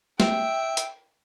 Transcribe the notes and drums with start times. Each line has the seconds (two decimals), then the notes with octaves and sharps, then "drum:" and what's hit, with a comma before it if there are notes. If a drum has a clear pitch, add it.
0.20 E5 G5, drum: snare
0.77 drum: hi-hat